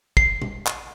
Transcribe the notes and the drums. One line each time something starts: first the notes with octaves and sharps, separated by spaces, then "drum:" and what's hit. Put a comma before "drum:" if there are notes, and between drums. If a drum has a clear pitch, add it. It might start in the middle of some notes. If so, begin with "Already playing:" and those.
C7, drum: kick
drum: tom B2
drum: clap